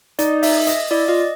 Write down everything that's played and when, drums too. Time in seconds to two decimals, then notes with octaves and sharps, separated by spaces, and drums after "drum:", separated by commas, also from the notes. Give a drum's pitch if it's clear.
0.19 D#4 D5, drum: hi-hat
0.43 E5, drum: open hi-hat
0.67 D#5, drum: hi-hat
0.91 E4 D5
1.08 F4 D#5